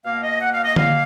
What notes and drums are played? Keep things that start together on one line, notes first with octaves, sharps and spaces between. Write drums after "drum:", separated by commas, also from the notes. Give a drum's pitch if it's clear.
B2 A#3 F5
D#5
F#5
F5
D#5
F5, drum: tom D3